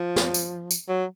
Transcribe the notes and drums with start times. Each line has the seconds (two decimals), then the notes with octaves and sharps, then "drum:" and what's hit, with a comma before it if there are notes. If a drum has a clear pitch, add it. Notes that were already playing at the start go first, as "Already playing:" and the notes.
Already playing: F3
0.16 drum: snare
0.34 drum: tambourine
0.71 drum: tambourine
0.88 F#3